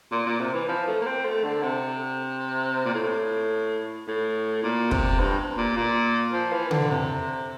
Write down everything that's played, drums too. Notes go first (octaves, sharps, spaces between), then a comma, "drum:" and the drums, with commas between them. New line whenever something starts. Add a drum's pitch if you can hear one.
A#2
A#2
C3
E3
F3
A3
A#3
C4
A3
D3
C3
A#2
A2
A2
A#2
C3, drum: kick
G2
A#2
A#2
F3
E3
D3, drum: tom C#3
C3